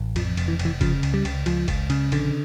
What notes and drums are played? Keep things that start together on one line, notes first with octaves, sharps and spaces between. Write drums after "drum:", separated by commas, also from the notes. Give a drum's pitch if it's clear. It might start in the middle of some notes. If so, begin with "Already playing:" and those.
Already playing: A1
F2 F3, drum: cymbal
F1, drum: cymbal
E3
F1, drum: cymbal
E3
C#3 F3, drum: kick F#1, cymbal
C#2, drum: cymbal
G3
C#2, drum: cymbal
C#2 F3, drum: cymbal
C#2, drum: kick F#1, cymbal
C#3, drum: cymbal
A#1 D3, drum: cymbal